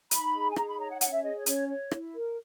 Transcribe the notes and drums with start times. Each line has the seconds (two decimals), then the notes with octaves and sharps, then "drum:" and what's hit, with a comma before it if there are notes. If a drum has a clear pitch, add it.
0.11 D#4 B5, drum: hi-hat
0.34 G#4
0.51 G#5
0.56 D#4 A#5, drum: rim click
0.68 B5
0.79 C#5 A#5
0.90 F#5
1.01 C#4 F#5, drum: hi-hat
1.13 E5
1.23 G#4 D#5
1.35 C#5
1.46 C#4 C#5, drum: hi-hat
1.69 C#5
1.91 E4, drum: rim click
2.14 A#4